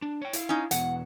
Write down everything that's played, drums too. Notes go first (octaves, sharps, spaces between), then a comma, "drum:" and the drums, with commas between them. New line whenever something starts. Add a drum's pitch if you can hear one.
D4
C#5 G5
E4 F5, drum: hi-hat
C#4 D#4
E2 B2 F#5, drum: hi-hat